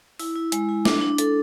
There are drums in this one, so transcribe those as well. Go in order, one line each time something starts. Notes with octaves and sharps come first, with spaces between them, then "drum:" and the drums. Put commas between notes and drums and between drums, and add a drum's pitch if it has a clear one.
E4, drum: open hi-hat
E4
G#3, drum: hi-hat
E4
D4, drum: snare
D4
A4, drum: hi-hat